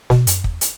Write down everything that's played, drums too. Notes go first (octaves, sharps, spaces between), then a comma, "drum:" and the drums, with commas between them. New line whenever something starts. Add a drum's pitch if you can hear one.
B2, drum: snare
F#2, drum: hi-hat
E2, drum: kick
drum: hi-hat